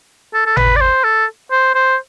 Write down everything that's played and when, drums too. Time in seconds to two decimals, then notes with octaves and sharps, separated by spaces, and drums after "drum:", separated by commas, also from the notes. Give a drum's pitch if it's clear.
0.34 A4
0.46 A4
0.57 B4, drum: tom G#1
0.76 D5
0.81 C5
1.04 A4
1.51 C5
1.75 C5